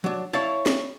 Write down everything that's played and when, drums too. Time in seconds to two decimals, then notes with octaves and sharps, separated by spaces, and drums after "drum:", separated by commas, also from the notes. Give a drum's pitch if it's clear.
0.04 F#3 D4
0.33 E4 C#5 F5 A5
0.66 drum: snare